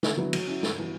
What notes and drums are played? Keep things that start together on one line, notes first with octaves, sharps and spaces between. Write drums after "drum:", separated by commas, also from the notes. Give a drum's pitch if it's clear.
D3, drum: snare
F#3 B3 E4
F#3, drum: cymbal
C#4 E4
G2, drum: snare
E3 B3 F#4